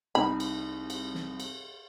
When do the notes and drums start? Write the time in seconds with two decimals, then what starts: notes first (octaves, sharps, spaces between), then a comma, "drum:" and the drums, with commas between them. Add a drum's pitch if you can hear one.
0.15 C2 D#4 B5
0.40 drum: cymbal
0.90 drum: cymbal
1.15 drum: snare
1.40 drum: cymbal